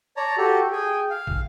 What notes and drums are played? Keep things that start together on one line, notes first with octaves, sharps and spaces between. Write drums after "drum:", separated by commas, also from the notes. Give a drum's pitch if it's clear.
C#5 D5 A5 A#5
F#4 G4 A4
G#4 G5 G#5
F5
drum: kick